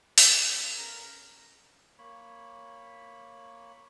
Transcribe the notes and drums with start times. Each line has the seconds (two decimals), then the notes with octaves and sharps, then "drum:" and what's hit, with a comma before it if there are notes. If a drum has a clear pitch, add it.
0.18 B3 C#4 A4, drum: open hi-hat
0.77 C#3 A#4
1.98 A#3 C#5 B5